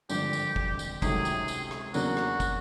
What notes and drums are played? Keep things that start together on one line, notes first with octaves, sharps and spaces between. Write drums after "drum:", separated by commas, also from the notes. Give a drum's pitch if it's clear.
G#1 G2 D3 F3 G4, drum: tambourine
drum: tambourine
drum: kick
drum: tambourine
C#2 C3 D#3 F#3 A3 G#4, drum: kick, tambourine
drum: tambourine
drum: tambourine
drum: rim click
E2 C#3 F#3 A#3 D4 F#4, drum: tambourine
drum: rim click
drum: kick, tambourine